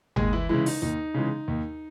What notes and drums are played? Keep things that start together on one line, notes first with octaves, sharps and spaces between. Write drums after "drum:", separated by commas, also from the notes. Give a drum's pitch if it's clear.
D#2 G#3 G#4, drum: tom G1
E3 E4
C#3 E3 G#3 E4
D#4, drum: open hi-hat
D#2 D#4
C#3 E3 G#3
D#2